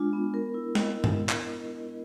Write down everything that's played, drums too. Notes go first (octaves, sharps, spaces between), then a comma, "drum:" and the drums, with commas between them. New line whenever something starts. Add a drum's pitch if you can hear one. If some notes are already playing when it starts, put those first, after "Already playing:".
Already playing: G#3 D4 F4
B3
A#4
E4
D#5, drum: snare
drum: tom G2
drum: clap